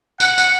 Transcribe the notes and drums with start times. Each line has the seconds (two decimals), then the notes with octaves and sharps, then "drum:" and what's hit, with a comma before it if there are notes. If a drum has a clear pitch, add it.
0.20 F#5, drum: tambourine
0.38 drum: tambourine